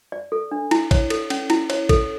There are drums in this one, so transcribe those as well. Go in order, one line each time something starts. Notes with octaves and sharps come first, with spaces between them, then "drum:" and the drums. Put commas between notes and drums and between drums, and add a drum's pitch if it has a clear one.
D5
A4
D4
E4, drum: cymbal
C#5, drum: kick A1, cymbal
A4, drum: cymbal
C#4, drum: cymbal
E4, drum: cymbal
C#5, drum: cymbal
A4, drum: kick A1, cymbal